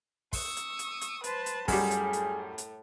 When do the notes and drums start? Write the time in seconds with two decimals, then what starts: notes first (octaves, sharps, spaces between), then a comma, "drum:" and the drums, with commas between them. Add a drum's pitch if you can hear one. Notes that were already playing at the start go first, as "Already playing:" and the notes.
0.33 C#6 D#6 E6, drum: kick, open hi-hat
0.57 drum: hi-hat
0.79 drum: hi-hat
1.01 drum: hi-hat
1.24 B4 C5 A5, drum: hi-hat
1.46 drum: hi-hat
1.68 F#2 A2 G3 G#4, drum: kick, open hi-hat
1.91 drum: hi-hat
2.13 drum: hi-hat
2.58 drum: hi-hat